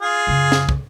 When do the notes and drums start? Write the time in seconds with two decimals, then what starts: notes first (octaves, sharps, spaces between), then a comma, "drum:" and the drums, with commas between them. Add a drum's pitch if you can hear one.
0.01 F4 G#4
0.27 F#2 C#3
0.52 drum: snare
0.69 drum: kick